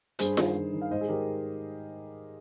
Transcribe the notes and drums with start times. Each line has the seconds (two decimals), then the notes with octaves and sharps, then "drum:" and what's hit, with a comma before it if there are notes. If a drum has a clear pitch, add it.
0.19 G2 G#4 C5, drum: hi-hat
0.37 D#3, drum: snare F4
0.55 G2
0.73 D#3
0.82 F5
0.91 G#2 C5 D#5
1.01 G#4
1.08 D#3 G4 A#4